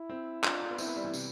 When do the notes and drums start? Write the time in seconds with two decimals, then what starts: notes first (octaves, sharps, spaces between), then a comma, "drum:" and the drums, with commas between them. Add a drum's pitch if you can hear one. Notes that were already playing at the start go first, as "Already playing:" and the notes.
Already playing: E4
0.09 C4
0.44 D4 F4, drum: clap
0.62 D4
0.71 B3
0.78 C4 E4, drum: tambourine
0.87 B3
0.96 G3
1.04 E3
1.14 C3, drum: tambourine